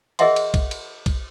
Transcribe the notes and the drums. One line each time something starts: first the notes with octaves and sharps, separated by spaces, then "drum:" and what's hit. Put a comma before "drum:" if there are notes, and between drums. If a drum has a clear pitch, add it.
G#4 A#4 D#5 E5 F#5 C6, drum: cymbal
drum: cymbal
drum: kick, cymbal
drum: cymbal
drum: kick, cymbal